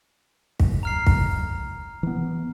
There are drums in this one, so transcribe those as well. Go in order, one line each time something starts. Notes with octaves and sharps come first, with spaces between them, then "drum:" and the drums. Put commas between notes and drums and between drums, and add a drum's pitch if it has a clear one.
drum: kick
A#5 F6 C7
drum: kick
E3 B3